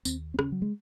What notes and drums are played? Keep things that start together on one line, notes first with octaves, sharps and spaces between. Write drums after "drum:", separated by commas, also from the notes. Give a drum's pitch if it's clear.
D#2 C4, drum: tambourine
C4
C#3 C#4, drum: rim click
F#3
G#3